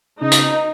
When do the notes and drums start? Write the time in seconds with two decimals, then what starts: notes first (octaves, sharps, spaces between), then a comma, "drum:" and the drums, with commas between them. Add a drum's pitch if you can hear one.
0.21 C#3 D#4
0.32 drum: hi-hat